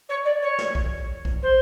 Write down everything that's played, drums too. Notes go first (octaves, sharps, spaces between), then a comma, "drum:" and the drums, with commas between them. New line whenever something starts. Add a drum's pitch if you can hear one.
C#5
D5
C#5
drum: snare
drum: kick A#1
drum: kick A#1
C5